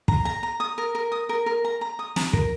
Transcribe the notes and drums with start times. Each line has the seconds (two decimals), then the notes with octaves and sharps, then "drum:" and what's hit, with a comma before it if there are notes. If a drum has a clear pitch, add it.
0.08 A#5, drum: kick
0.25 A#5
0.43 A#5
0.60 D#6
0.78 A#4
0.95 A#4
1.12 D#6
1.29 A#4
1.46 A#4
1.65 A#5
1.81 A#5
1.99 D#6
2.16 A#5, drum: snare
2.33 A#4, drum: kick